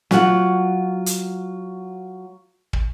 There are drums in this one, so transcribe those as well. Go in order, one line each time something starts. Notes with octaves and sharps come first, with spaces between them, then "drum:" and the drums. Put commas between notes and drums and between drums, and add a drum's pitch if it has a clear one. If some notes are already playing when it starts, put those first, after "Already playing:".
F#3 F4 F#5, drum: snare
drum: hi-hat
drum: kick